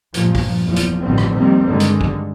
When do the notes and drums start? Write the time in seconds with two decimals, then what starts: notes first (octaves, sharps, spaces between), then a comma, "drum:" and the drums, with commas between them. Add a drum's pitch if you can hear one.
0.14 G2 A#2 F3, drum: hi-hat
0.35 drum: kick, open hi-hat
0.64 F#1 E2 F3
0.76 drum: hi-hat
1.01 A1 G2 D3 D#3 F3 C4
1.18 drum: rim click
1.34 F2 C3 D#3 G3 A#3 C4
1.65 G2 D3 D#3 G#3
1.80 drum: hi-hat
2.01 drum: kick